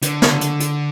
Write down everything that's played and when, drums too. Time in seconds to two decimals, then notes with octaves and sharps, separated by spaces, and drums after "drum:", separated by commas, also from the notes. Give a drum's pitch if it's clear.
0.02 D3, drum: hi-hat
0.22 drum: snare
0.41 drum: hi-hat
0.60 drum: hi-hat